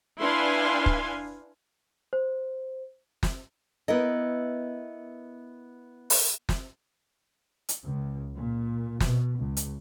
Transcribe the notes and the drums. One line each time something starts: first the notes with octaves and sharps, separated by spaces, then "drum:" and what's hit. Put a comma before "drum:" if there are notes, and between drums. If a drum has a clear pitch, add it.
D4 E4 B4 F5 G#5 C6
drum: kick
C5
drum: snare
B3 E4 A#4 D#5
drum: open hi-hat
drum: snare
drum: hi-hat
C#2
A#2
B2, drum: snare
C#2
drum: hi-hat